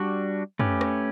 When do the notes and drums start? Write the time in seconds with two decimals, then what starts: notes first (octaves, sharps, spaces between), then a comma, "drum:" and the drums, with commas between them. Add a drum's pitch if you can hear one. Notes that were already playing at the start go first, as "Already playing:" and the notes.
Already playing: G3 D4 F#4
0.59 A3 C#4 G4 B4, drum: tom
0.81 drum: rim click